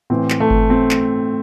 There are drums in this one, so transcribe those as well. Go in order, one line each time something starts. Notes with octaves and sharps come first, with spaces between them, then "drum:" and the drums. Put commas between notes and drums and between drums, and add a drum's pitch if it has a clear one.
A2 E3 C4
drum: clap
A3
drum: kick G1
C4
drum: clap